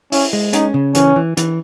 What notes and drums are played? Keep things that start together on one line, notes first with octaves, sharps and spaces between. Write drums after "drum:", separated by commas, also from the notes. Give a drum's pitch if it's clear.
C#4 E4, drum: open hi-hat
G#3
C#4 D#4, drum: hi-hat
C#3
E3 C#4, drum: hi-hat
E3
E3, drum: hi-hat